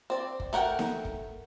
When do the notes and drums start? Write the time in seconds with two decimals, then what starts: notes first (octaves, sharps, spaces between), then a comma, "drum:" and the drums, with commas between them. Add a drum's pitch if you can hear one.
0.10 C4 D5
0.40 drum: kick
0.53 A3 A#4 F#5 G5
0.79 drum: snare D#4
1.05 drum: kick